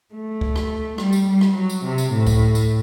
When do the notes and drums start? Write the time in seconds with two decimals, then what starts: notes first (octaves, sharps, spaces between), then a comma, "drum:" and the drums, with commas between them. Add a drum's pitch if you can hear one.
0.13 A3
0.41 drum: kick C#2
0.56 drum: rim click
0.98 G3, drum: rim click
1.13 drum: tambourine
1.27 G3
1.41 drum: rim click
1.55 F#3
1.70 drum: tambourine
1.84 C3
1.98 drum: tambourine
2.12 A2
2.27 drum: kick C#2, tambourine
2.55 drum: tambourine